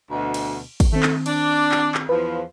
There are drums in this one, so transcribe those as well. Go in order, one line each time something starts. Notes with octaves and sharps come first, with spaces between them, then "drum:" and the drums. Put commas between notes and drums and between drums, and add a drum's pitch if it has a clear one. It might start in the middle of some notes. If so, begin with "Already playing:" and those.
D2 B2
drum: cymbal
drum: kick, cymbal
D#3 A3 C4
drum: clap
D4 D5, drum: cymbal
drum: clap
drum: clap
E2 F3 B4